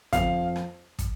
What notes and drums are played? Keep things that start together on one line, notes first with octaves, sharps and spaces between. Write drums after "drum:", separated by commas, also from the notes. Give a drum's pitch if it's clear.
F2 F5, drum: kick, hi-hat
drum: rim click
drum: kick, hi-hat